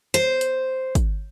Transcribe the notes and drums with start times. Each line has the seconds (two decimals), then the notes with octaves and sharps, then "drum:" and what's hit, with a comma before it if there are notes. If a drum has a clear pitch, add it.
0.14 C5
0.41 drum: hi-hat
0.95 drum: kick, hi-hat